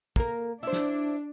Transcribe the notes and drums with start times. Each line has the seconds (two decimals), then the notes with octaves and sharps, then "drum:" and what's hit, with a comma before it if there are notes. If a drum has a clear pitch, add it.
0.16 A#3 A#4, drum: kick
0.63 D4 E4 C5
0.73 drum: snare